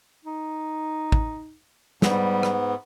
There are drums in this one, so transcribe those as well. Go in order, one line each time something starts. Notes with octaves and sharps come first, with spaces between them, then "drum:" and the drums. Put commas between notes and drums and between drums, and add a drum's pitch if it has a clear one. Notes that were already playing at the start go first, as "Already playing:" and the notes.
D#4
drum: kick
G#2 G3 B3, drum: snare
drum: rim click